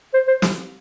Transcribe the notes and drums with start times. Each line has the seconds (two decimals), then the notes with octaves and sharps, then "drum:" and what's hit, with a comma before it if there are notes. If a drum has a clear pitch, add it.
0.14 C5
0.28 C5
0.42 drum: snare